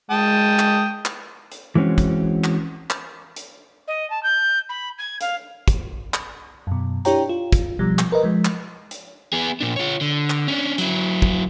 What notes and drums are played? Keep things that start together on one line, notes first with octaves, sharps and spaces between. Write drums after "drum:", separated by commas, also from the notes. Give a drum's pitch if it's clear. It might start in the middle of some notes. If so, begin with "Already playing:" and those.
G#3 G5 A5 D#6
drum: clap
drum: clap
drum: hi-hat
E3 G#3 C4 C#4 F#4
drum: kick, hi-hat
drum: clap
drum: clap
drum: hi-hat
D#5
A5
G6
B5
G#6
F5, drum: hi-hat
drum: kick, hi-hat
drum: clap
F#2 B2
D4 E4 G4 C#5 G5 A#5, drum: hi-hat
F4
drum: kick, hi-hat
B2 F3 G3
drum: clap
A#4 B4 D#5
F3 G#3
drum: clap
drum: hi-hat
B3 G#4
A#2 D4
F4 C#5
D3
drum: clap
C#4 D4
F#3 E4, drum: hi-hat
drum: kick